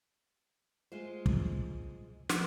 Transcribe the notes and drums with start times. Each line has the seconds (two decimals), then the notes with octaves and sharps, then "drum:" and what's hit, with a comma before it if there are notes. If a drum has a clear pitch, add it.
0.92 G#3 F4 C5
1.26 drum: kick
2.30 F3, drum: snare